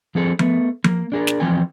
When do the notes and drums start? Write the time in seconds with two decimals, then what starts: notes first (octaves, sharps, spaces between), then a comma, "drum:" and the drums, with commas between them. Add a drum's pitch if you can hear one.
0.15 F3 C4 G#4 A4
0.39 A3 B3, drum: tom F3
0.84 A#3, drum: tom F3
1.12 D4 G#4 A#4
1.27 drum: snare
1.40 E3 F3 C4 G5 G#5